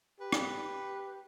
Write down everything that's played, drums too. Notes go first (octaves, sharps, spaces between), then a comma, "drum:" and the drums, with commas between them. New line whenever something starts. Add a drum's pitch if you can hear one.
G4 B4
drum: rim click